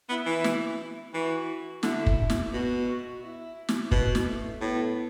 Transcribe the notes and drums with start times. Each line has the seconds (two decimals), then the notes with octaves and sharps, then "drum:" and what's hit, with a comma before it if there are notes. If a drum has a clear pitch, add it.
0.09 B3 E4
0.26 E3
0.44 drum: snare
1.14 E3 F#4
1.83 D3 E4, drum: snare
2.06 drum: kick
2.30 drum: snare
2.53 B2 F#4
2.88 F#4
3.22 E4
3.69 drum: snare
3.91 B2 B3, drum: kick
4.15 drum: snare
4.26 A3
4.61 A2 B3